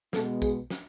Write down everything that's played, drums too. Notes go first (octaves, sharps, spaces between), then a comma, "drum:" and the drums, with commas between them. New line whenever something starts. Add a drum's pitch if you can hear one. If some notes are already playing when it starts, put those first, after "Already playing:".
B2 G#3 B3 A4, drum: snare
G#4, drum: kick A#1, tambourine
drum: snare